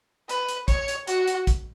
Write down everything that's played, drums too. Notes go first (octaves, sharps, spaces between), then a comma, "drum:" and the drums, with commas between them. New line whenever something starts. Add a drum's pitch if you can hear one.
B4, drum: hi-hat
drum: hi-hat
C#5, drum: kick, hi-hat
drum: hi-hat
F#4, drum: hi-hat
drum: hi-hat
drum: kick, hi-hat